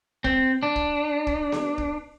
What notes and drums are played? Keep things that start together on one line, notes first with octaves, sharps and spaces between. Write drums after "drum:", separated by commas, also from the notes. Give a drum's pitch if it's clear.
C4, drum: kick
D4
drum: kick
drum: kick
drum: snare B3
drum: kick